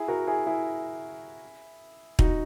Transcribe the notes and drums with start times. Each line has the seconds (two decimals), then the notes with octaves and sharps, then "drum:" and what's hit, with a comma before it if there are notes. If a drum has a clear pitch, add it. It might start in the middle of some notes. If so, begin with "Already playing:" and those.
Already playing: E4 G#4
0.08 F#4 A#4
0.27 E4 G#4
0.47 E4 G#4
2.19 D#4 F#4, drum: kick